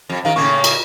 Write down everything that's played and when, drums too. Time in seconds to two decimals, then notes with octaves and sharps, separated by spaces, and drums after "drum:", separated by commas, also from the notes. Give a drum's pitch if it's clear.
0.09 F2
0.25 D#3 A#4 F5
0.36 A2 C#3 A#3 C#6
0.64 drum: cymbal